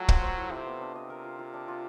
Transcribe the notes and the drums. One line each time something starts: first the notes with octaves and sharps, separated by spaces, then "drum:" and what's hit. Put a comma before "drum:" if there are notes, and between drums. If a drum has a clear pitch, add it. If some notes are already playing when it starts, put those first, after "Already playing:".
Already playing: F#3 A3 F4 G4
C5, drum: kick
C5
E4
C3 F4
B3
D4
C3 D#5
A#4
F4
F4
D4
F4